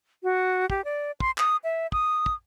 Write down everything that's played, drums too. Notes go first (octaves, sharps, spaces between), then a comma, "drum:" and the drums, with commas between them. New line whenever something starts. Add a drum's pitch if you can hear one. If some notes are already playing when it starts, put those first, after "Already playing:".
F#4
G4, drum: kick
D5
C6, drum: kick
D#6, drum: clap
E5
D#6, drum: kick
drum: kick